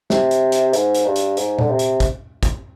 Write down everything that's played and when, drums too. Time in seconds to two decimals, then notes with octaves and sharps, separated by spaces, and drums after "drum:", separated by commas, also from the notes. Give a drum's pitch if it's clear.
0.10 C3, drum: snare
0.31 drum: hi-hat
0.52 drum: hi-hat
0.73 G#2, drum: hi-hat
0.95 drum: hi-hat
1.05 G2
1.16 drum: hi-hat
1.37 G#2, drum: hi-hat
1.59 D3, drum: tom A#2
1.69 C3
1.79 drum: hi-hat
2.00 drum: kick, hi-hat
2.43 drum: kick, hi-hat